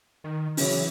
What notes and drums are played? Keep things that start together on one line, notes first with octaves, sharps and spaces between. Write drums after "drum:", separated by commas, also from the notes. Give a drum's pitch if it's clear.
D#3
C#3 E3 F#3 C#4, drum: open hi-hat